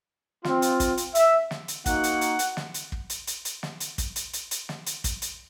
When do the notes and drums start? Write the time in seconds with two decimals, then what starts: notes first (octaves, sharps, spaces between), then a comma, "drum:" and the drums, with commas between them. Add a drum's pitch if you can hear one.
0.44 C4 F4, drum: snare
0.62 drum: hi-hat
0.80 drum: kick, hi-hat
0.98 drum: hi-hat
1.15 E5, drum: hi-hat
1.51 drum: snare
1.68 drum: hi-hat
1.86 A#3 D#4 F#4 F#5, drum: kick, hi-hat
2.04 drum: hi-hat
2.21 drum: hi-hat
2.39 drum: hi-hat
2.57 drum: snare
2.74 drum: hi-hat
2.92 drum: kick
3.10 drum: hi-hat
3.27 drum: hi-hat
3.45 drum: hi-hat
3.63 drum: snare
3.80 drum: hi-hat
3.98 drum: kick, hi-hat
4.16 drum: hi-hat
4.33 drum: hi-hat
4.51 drum: hi-hat
4.69 drum: snare
4.87 drum: hi-hat
5.04 drum: kick, hi-hat
5.22 drum: hi-hat